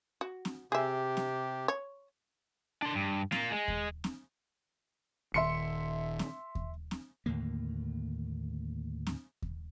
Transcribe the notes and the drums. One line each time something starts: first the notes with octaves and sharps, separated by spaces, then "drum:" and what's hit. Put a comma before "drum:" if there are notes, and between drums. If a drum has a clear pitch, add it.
F#4
drum: snare
C3 G4 G#4 E5
drum: snare
C#5
D4 C6
G2
A#3 F4, drum: snare
G#3
drum: kick D#2
drum: snare
D#1 D#2 E5 C6 C#7
drum: snare
drum: kick D#2
drum: snare
D#2 A2 D3 A#3
drum: snare
drum: kick D#2